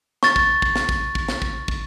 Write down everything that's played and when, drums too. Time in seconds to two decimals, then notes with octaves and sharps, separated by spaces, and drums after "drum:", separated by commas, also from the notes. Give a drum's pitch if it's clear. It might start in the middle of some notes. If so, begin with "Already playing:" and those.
0.23 C#6 A6, drum: snare
0.36 drum: kick
0.62 drum: kick
0.76 drum: snare
0.89 drum: kick
1.15 drum: kick
1.28 drum: snare
1.42 drum: kick
1.68 drum: kick